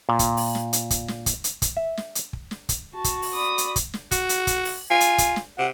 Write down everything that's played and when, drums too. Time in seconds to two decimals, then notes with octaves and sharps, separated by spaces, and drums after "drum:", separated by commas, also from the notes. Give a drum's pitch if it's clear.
0.09 A#2
0.19 drum: kick, hi-hat
0.37 drum: open hi-hat
0.55 drum: snare
0.73 drum: hi-hat
0.90 drum: kick, hi-hat
1.08 drum: snare
1.26 drum: kick, hi-hat
1.44 drum: hi-hat
1.62 drum: kick, hi-hat
1.77 E5
1.97 drum: snare
2.15 drum: hi-hat
2.33 drum: kick
2.51 drum: snare
2.69 drum: kick, hi-hat
2.94 F#4 A5
3.04 drum: kick, hi-hat
3.22 drum: open hi-hat
3.33 D5 B5 D#6
3.58 drum: hi-hat
3.76 drum: kick, hi-hat
3.94 drum: snare
4.11 F#4, drum: kick, hi-hat
4.29 drum: hi-hat
4.47 drum: kick, hi-hat
4.65 drum: open hi-hat
4.91 F4 G#5
5.00 drum: hi-hat
5.18 drum: kick, hi-hat
5.36 drum: snare
5.59 C3 F#5